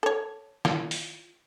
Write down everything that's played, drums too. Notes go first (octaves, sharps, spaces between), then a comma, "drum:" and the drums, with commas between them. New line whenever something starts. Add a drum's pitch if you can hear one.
A4 C#5
E4 F4, drum: snare
drum: open hi-hat